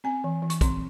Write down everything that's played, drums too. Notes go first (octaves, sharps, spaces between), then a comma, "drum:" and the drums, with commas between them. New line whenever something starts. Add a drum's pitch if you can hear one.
C4 G#5
E3
E3
C#6, drum: hi-hat
C4 C6, drum: kick, hi-hat